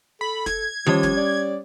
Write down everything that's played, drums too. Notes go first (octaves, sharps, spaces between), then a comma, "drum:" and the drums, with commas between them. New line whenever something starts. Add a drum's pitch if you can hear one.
A4 B5
G#6, drum: snare
F3 G3 C#4 G4 C#5 D#6, drum: tom D#3
drum: snare
D5